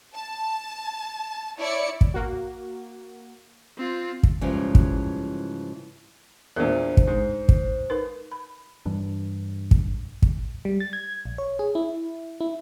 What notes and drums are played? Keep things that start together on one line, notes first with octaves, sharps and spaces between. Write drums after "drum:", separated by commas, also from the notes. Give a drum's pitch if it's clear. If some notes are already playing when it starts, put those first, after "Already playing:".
A5
E4 C#5 D5 C#7
drum: kick
A#3 F#4
C4 F4
drum: kick
G#2 C#3 E3 F3 G3
drum: kick
E2 A#2 D4 A#4 C5
drum: kick
G#2
drum: kick
D#4 A#4 B4
B5
G2 E3 G3 D4
drum: kick
drum: kick
G3
A6
G#6
A#1
C#5
G#4
E4
E4